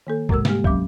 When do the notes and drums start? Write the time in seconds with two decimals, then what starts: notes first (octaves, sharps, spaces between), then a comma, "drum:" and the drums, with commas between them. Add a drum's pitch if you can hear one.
0.07 D#3 A#3 A4
0.29 G#2 C3 G#3 A#4 E6, drum: kick
0.45 G3 G#3 A#3 G4, drum: snare
0.64 D2 F#3 C#4 D6, drum: kick